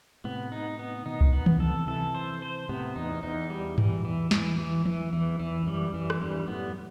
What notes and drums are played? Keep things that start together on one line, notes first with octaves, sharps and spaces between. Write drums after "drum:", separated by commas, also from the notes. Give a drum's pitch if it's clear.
A2 C3 B3
D#4
B3
B2 D#3 D#4
drum: kick C2
B3
C3 E3, drum: tom D#3
A4
C3 E3 A4
C5
C5
A2 C3 B3
E2 D#4
E2 D#4
G3
E3, drum: tom G2
E3
E3, drum: snare
E3
E3, drum: tom E3
E2 E3
E2 E3
E2
F#2 G3
F#2 E3
drum: rim click
E2 G2 G3
F#2 A2 B3